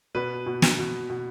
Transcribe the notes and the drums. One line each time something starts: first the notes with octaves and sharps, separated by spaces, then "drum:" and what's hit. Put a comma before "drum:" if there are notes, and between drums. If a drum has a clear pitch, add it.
B2 B4
B2
drum: snare
B2
B2